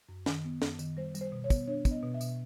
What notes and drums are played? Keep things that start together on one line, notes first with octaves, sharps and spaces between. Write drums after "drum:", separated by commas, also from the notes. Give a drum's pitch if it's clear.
F#2
D#3, drum: snare
B3
F#2, drum: snare
D#3, drum: tambourine
G3 C5
G3, drum: tambourine
C5
B2
C#5
B3, drum: kick, tambourine
D4 C#5
B3, drum: kick, tambourine
D#5
B2
E5
B2, drum: tambourine